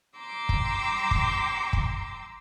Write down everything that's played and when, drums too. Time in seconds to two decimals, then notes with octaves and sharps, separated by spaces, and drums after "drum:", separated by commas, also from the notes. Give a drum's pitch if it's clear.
0.18 G5 A#5 C6 D6 E6
0.49 drum: kick
1.11 drum: kick
1.73 drum: kick